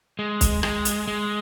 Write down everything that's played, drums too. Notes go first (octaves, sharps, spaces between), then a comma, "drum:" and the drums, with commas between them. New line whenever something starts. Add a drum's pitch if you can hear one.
G#3
drum: kick, hi-hat
G#3, drum: rim click
drum: hi-hat
G#3